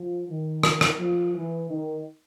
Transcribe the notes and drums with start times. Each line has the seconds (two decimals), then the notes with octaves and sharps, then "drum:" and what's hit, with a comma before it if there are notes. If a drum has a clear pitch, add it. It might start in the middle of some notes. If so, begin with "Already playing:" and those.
Already playing: F3
0.28 D#3
0.63 drum: rim click
0.81 drum: rim click
0.99 F3
1.35 E3
1.69 D#3